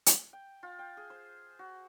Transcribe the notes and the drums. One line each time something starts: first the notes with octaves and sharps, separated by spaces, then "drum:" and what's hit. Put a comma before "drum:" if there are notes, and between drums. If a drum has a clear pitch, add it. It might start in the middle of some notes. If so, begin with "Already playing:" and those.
drum: hi-hat
G5
F4
G5
G#4
C5
F#4